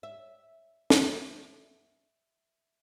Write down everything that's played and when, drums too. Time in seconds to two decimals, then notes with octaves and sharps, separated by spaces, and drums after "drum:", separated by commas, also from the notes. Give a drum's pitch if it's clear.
0.03 E5
0.90 E5, drum: snare